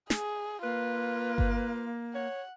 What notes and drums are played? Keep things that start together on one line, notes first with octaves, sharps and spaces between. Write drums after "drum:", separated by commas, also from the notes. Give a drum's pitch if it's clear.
G#4, drum: snare
A#3 F4 B4
drum: kick G1
C#5 F#5